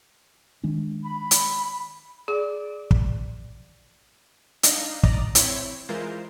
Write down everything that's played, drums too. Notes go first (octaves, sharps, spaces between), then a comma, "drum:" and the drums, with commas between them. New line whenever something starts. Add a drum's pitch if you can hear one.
D#3 G#3 D4
B5
drum: hi-hat
G#4 D5
drum: kick
D4 D#4 D#5 F5, drum: hi-hat
D5 D#5 A#5, drum: kick
C4 E4 C#5, drum: hi-hat
E3 G#3 F4 A#4 C5